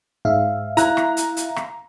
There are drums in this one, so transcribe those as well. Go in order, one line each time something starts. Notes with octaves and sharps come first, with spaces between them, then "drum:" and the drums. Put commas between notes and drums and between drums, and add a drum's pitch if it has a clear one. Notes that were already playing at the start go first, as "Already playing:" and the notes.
G#2 E5 F5
E4 A#5 F#6, drum: hi-hat
drum: rim click
drum: hi-hat
drum: hi-hat
drum: rim click